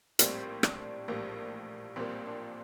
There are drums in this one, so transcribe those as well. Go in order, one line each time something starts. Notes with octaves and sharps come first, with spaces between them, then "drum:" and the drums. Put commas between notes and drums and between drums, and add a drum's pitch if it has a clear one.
A#1 A2 G3 A#3 C4, drum: hi-hat
D4, drum: rim click
A#1 A2 G3 A#3
A#1 A#2 G3 A#3 C4
D4